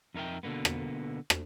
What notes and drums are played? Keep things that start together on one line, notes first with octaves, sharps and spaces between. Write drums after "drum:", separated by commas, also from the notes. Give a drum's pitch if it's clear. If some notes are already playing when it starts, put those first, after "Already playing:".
F2 D#4 A#4 E5 G5
B2 D3 A#3 B3
drum: rim click
drum: rim click